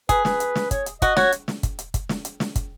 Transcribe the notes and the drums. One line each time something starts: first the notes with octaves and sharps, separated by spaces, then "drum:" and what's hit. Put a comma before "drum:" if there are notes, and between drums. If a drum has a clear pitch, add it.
G#4 B4, drum: kick, hi-hat
B4, drum: snare
drum: hi-hat
drum: snare
C#5, drum: kick, hi-hat
drum: hi-hat
F#4 D#5, drum: kick, hi-hat
F#4 C#5, drum: snare
drum: hi-hat
drum: snare
drum: kick, hi-hat
drum: hi-hat
drum: kick, hi-hat
drum: snare
drum: hi-hat
drum: snare
drum: kick, hi-hat